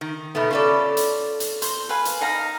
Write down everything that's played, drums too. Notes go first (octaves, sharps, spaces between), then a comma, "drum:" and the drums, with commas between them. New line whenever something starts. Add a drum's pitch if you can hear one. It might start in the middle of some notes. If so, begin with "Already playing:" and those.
D#3
B2 A3 B3
C#4 F4 A4 D5 B5
drum: hi-hat
drum: hi-hat
C5, drum: hi-hat
B4 F5 G#5
drum: hi-hat
D#4 F5 A#5